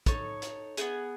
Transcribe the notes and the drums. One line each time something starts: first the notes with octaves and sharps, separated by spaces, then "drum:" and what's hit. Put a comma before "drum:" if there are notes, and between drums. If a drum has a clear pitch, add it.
D#4 A4 C#5, drum: kick, hi-hat
drum: hi-hat
B3 D#4 G#4, drum: hi-hat